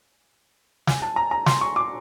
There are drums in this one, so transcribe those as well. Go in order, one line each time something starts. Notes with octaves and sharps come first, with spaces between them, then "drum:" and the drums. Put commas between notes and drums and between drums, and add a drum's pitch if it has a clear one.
G#5, drum: snare
A5
A#5
A#5
C6, drum: snare
C#6
D6